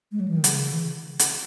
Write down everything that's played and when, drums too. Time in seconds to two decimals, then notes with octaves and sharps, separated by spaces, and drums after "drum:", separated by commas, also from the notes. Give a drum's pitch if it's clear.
0.12 G#3
0.20 F#3
0.28 E3
0.37 D#3
0.44 C#3, drum: hi-hat
0.73 E3
1.19 drum: hi-hat